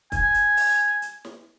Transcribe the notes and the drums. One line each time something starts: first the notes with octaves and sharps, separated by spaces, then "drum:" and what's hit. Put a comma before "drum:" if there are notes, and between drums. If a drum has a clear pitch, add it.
G#5, drum: kick, hi-hat
drum: hi-hat
drum: open hi-hat
drum: hi-hat
drum: snare